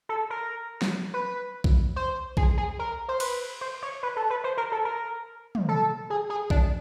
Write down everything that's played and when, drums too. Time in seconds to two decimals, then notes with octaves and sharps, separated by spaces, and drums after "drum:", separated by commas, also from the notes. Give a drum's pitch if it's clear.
0.09 A4
0.30 A#4
0.82 drum: snare
1.14 B4
1.64 drum: kick B1
1.96 C5
2.37 G#4, drum: kick B1
2.57 G#4
2.79 A#4
3.09 C5
3.20 B4, drum: cymbal
3.61 C5
3.82 C#5
4.03 B4
4.16 A4
4.30 B4
4.44 C5
4.57 A#4
4.72 A4
4.85 A#4
5.55 drum: tom
5.69 A4
6.10 G#4
6.30 G#4
6.50 D4, drum: kick B1